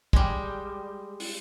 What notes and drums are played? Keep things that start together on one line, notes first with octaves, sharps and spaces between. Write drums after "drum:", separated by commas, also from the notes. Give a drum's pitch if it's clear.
G3 G#3, drum: kick
drum: open hi-hat